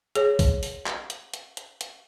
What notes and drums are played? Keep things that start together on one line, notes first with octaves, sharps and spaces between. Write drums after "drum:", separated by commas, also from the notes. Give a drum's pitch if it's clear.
G#4 C#5, drum: hi-hat
drum: kick A1, open hi-hat
drum: open hi-hat
drum: clap
drum: hi-hat
drum: hi-hat
drum: hi-hat
drum: hi-hat